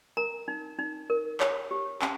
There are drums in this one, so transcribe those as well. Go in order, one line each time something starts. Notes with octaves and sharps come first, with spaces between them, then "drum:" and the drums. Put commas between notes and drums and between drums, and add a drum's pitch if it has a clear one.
A#4 A#5
D#4
D#4
A#4
C#5, drum: clap
G4
C#4 A5, drum: clap